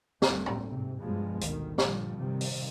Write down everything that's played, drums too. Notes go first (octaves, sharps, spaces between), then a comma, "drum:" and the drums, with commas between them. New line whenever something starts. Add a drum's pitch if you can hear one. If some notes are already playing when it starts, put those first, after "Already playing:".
G1 D2 G3 A3 A#3 C4, drum: snare
drum: tom A2
G#2 C3
G2 B2 F3 G3 G#3
G#1 D2 B2 D#3, drum: hi-hat
G2 A#2 D3 F3 G3, drum: snare
C3 D#3 G3
drum: open hi-hat